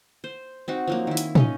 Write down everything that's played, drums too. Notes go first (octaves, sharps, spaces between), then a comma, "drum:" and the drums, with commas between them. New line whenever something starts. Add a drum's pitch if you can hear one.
C5
C4 D#4 F#4
F3 F#3 A#3
D#3 E4
drum: hi-hat
C#4 D#4 D#5, drum: tom